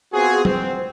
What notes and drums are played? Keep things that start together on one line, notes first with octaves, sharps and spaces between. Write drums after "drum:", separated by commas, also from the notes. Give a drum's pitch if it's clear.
B3 C4 F4 F#4 G#4
C4, drum: tom